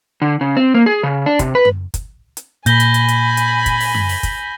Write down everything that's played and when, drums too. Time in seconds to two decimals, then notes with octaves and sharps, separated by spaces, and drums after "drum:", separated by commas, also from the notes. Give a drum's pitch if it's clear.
0.22 D3
0.41 C#3
0.57 C4
0.74 A#3
0.86 G#4
1.03 C#3
1.26 D4
1.39 C3, drum: kick, hi-hat
1.55 B4
1.65 drum: tom F#2
1.94 drum: kick, hi-hat
2.37 drum: hi-hat
2.66 A#2 G#5 B5 G6 A#6 G7, drum: hi-hat
2.80 drum: hi-hat
2.94 drum: hi-hat
3.08 drum: hi-hat
3.37 drum: hi-hat
3.66 drum: kick, hi-hat
3.80 drum: open hi-hat
3.95 drum: tom F#2
4.09 drum: open hi-hat
4.23 drum: kick, hi-hat